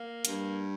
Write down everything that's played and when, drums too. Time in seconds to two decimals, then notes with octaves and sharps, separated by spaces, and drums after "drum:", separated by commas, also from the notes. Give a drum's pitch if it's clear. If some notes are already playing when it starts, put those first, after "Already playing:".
Already playing: A#3
0.25 G2, drum: hi-hat